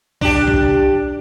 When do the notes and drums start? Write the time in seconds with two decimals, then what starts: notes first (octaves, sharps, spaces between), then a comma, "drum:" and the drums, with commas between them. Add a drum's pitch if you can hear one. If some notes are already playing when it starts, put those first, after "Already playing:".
0.21 D4 G4, drum: kick B1
0.48 drum: kick B1